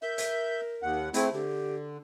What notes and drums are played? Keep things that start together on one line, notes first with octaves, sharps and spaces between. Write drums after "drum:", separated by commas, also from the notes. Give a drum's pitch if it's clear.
A#4 E5 G6
drum: hi-hat
D#2 F#5
A3 C4 E4 G#4, drum: hi-hat
D3 G4